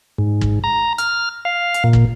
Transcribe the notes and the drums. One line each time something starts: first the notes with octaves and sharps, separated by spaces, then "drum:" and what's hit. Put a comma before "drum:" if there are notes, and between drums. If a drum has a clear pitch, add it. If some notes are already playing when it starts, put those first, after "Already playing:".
G#2
drum: kick
A#5
F6, drum: hi-hat
F5
drum: hi-hat
A#2
drum: kick